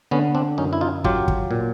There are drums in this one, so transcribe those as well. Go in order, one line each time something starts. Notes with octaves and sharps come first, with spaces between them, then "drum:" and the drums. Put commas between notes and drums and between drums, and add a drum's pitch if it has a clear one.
D3 B3 C#4
C4 D4
F#2 C#4 D#4
E4
D#4 F4
F#3 F4 G4, drum: kick
drum: kick
A#2